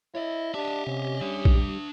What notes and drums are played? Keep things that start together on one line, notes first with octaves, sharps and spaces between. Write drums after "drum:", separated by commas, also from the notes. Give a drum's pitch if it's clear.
E4 C#5 D#5
D4 G4 D#5 E5
C3 C#4
G3 D4 E5
drum: kick A#1
G3